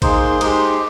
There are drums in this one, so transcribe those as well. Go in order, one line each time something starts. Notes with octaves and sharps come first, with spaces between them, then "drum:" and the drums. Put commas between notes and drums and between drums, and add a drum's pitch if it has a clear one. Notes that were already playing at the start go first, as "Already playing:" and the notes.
A#3 D#4 G#4 C5 C6, drum: kick, cymbal
G#3 D#4 G4, drum: cymbal
C6